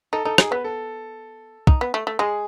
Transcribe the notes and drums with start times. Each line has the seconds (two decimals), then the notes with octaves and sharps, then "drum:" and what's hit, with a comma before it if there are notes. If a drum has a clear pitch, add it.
0.13 D#4 A4
0.25 D#4 A4
0.38 D#4 G#4, drum: rim click
0.51 B3 B4
0.64 A4
1.67 D#4, drum: kick
1.81 B3
1.94 A3
2.07 A3
2.19 G#3 G#4